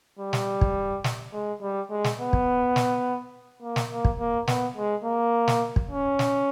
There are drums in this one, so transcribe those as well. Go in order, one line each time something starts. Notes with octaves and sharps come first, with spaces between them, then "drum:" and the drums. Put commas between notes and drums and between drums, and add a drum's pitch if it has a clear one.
G3
drum: snare
drum: kick
drum: snare
G#3
G3
G#3
drum: snare
B3
drum: kick
drum: snare
A#3
drum: snare
A#3
drum: kick
A#3
B3, drum: snare
G#3
A#3
drum: snare
drum: kick
C#4
drum: snare